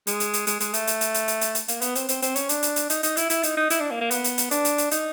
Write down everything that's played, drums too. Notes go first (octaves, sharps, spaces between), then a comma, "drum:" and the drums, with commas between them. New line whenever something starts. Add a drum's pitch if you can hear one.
G#3, drum: hi-hat
drum: hi-hat
drum: hi-hat
G#3, drum: hi-hat
G#3, drum: hi-hat
A3, drum: hi-hat
drum: hi-hat
drum: hi-hat
drum: hi-hat
drum: hi-hat
drum: hi-hat
drum: hi-hat
A#3, drum: hi-hat
B3, drum: hi-hat
C4, drum: hi-hat
C4, drum: hi-hat
C4, drum: hi-hat
C#4, drum: hi-hat
D4, drum: hi-hat
drum: hi-hat
drum: hi-hat
D#4, drum: hi-hat
D#4, drum: hi-hat
E4, drum: hi-hat
E4, drum: hi-hat
D#4, drum: hi-hat
D#4
E4, drum: hi-hat
D4
A#3
A#3
B3, drum: hi-hat
drum: hi-hat
drum: hi-hat
D4, drum: hi-hat
drum: hi-hat
drum: hi-hat
D#4, drum: hi-hat